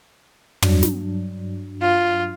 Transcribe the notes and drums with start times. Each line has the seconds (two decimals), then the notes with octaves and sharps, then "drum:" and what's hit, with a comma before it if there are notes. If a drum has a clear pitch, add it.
0.62 G2 F#3 D4, drum: tom
0.83 drum: snare
1.82 F4